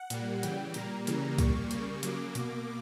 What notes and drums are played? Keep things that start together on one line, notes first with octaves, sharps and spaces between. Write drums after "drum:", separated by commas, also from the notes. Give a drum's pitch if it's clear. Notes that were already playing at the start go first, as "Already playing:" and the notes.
Already playing: F#5
A#2 G3 A#3, drum: hi-hat
C#3 E3 G3 G5, drum: hi-hat
A#2 G3 A#3 A#5, drum: hi-hat
C#3 E3 G3 A#3, drum: hi-hat
A#2 G3 A#3 C#6, drum: kick, hi-hat
C#3 G3 A#3, drum: hi-hat
C#3 F#3 A#3 D6, drum: hi-hat
B2 A#3, drum: hi-hat